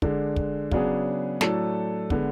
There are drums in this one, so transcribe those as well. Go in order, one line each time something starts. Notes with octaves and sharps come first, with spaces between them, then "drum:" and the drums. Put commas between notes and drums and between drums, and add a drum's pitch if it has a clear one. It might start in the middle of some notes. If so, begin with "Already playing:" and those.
D3 G#3 D4, drum: kick
drum: kick
C#3 F#3 B3 D4 G#4, drum: kick
A2 F#3 A3 D4 A4, drum: snare
D3 G#3 B3, drum: kick